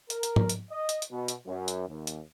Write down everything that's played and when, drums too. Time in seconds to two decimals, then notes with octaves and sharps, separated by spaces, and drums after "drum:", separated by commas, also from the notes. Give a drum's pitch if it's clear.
0.10 A#4, drum: hi-hat
0.23 drum: hi-hat
0.36 drum: tom
0.49 drum: hi-hat
0.71 D#5
0.89 drum: hi-hat
1.02 drum: hi-hat
1.11 B2
1.28 drum: hi-hat
1.47 F#2
1.68 drum: hi-hat
1.88 D#2
2.07 drum: hi-hat